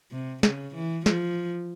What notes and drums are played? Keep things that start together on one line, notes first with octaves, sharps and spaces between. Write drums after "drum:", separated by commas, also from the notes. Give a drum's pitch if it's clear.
C3
C#3, drum: snare
E3
F3, drum: snare